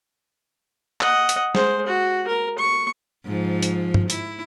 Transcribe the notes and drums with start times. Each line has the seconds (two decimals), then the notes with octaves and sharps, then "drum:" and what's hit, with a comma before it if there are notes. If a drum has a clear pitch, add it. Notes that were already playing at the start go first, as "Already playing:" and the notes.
1.01 D#5 F#5, drum: clap
1.29 drum: hi-hat
1.55 G#3 C5, drum: snare
1.87 F#4
2.28 A#4
2.59 C#6
3.25 G#2 F3
3.63 drum: hi-hat
3.94 drum: tom
4.10 E4, drum: hi-hat